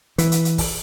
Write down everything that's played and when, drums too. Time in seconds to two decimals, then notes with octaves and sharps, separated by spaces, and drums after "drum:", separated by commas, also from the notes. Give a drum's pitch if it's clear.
0.18 E3, drum: hi-hat
0.32 drum: hi-hat
0.45 drum: hi-hat
0.58 drum: kick, open hi-hat